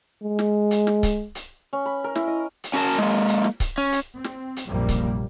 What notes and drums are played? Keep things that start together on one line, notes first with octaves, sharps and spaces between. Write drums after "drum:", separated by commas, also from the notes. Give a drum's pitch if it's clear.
G#3
drum: snare
drum: hi-hat
drum: snare
drum: kick C#1, hi-hat
drum: hi-hat
C#4
B5
A#4
E4, drum: snare
D#5
drum: hi-hat
C#4 F#4 A#4 A5
G#3 A#3, drum: snare
drum: hi-hat
drum: snare
drum: kick C#1, hi-hat
C#4
drum: hi-hat
C4
drum: snare
drum: hi-hat
A#1 F#2 C3 G3 A#3
drum: kick C#1, hi-hat